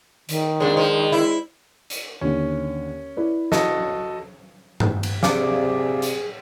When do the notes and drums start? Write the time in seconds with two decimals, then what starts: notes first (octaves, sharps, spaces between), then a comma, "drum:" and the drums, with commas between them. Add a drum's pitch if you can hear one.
0.29 D#3, drum: hi-hat
0.60 F2 G#3 D4
0.77 F3
1.12 E4
1.90 drum: hi-hat
2.21 D#2 D3 C#4
3.17 E4 B4 D5
3.52 F#4 A4 D#5, drum: snare
4.80 drum: tom G2
5.03 drum: cymbal
5.23 C3 G#4 D5 F5 G#5 D6, drum: snare
6.02 drum: hi-hat